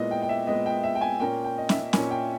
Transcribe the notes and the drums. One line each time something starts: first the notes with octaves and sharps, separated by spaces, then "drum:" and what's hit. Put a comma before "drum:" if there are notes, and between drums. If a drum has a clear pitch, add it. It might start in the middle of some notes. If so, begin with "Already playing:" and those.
Already playing: A#2 G#3 B3 E4 D#5
G5
G5
E5
A#2 G#3 B3 D#5
G5
E5
G5
G#5
A#2 A#3 C#4 G5
G5
D#5
E5, drum: snare C#4
A#2 A#3 C#4 G#5, drum: snare C#4
G5